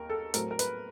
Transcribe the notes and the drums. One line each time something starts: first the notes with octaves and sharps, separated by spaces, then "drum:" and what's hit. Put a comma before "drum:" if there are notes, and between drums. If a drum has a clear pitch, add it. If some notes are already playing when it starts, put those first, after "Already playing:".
Already playing: D#2 A#4
A4
A2 F#3 A3 C4 A#4, drum: hi-hat
A#4
B4, drum: hi-hat